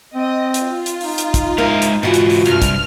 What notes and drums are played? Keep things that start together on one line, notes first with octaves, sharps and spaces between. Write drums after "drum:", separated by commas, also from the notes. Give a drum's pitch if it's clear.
C4 D#5
drum: hi-hat
F4
drum: hi-hat
D#4, drum: open hi-hat
drum: hi-hat
drum: kick, hi-hat
G#2 E4 A#4 F5
drum: hi-hat
G#2 E3 F4 F#4
drum: hi-hat
drum: open hi-hat
C2 G2 F6, drum: hi-hat
drum: kick, hi-hat